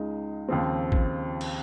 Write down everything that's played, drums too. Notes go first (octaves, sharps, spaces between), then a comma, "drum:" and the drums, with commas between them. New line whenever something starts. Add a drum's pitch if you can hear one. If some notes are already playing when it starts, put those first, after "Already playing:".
Already playing: C#2 C#3 G#3 D#4
D#2 C#3 F3 C4
drum: kick
drum: cymbal